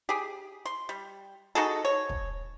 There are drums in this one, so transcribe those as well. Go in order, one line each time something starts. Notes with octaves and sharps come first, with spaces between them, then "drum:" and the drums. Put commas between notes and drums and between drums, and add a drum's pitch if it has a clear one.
G4 G#4
C6
G3
D#4 F#4 G#4 A4
C#5
drum: kick